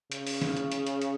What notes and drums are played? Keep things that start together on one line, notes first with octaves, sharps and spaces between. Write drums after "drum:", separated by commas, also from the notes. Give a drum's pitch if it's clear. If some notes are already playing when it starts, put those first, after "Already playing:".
C#3, drum: hi-hat
drum: open hi-hat
drum: snare
drum: hi-hat
drum: hi-hat
drum: hi-hat
drum: hi-hat